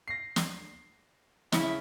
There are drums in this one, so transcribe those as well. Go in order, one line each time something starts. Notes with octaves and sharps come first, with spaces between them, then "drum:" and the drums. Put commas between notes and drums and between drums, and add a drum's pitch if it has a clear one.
A#6 C7
drum: snare
C#3 E4, drum: snare